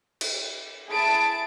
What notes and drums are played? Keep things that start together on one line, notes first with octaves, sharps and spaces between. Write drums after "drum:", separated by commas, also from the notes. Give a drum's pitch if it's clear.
drum: cymbal
E4 G#4 A5 D7